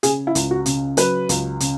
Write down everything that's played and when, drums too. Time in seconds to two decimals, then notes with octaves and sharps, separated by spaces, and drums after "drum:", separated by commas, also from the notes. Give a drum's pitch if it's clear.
0.03 C#3 G#4, drum: hi-hat
0.27 E4
0.35 C#2, drum: hi-hat
0.51 F#4
0.66 C#3, drum: hi-hat
0.97 F#3 B4, drum: hi-hat
1.29 C#2, drum: hi-hat
1.60 C#3, drum: hi-hat